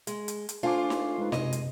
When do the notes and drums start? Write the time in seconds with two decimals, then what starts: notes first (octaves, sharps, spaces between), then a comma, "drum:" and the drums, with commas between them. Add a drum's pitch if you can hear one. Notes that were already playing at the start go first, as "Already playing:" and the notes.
0.07 G#3, drum: hi-hat
0.28 drum: hi-hat
0.49 drum: hi-hat
0.63 A3 D4 F4 C5 G#5 D6
0.90 drum: snare D#4
1.18 G#3 D#4 B4
1.32 F#2 C3 G#3 D#5, drum: snare D#4
1.53 drum: hi-hat